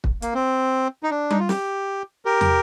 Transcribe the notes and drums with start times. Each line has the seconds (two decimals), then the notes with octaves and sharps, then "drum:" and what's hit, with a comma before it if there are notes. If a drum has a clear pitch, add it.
0.04 drum: kick
0.22 A#3, drum: hi-hat
0.34 C4
1.03 D#4
1.11 D4
1.30 D#4, drum: tom G3
1.39 F4
1.49 G4, drum: snare
2.25 G4 A#4
2.41 drum: tom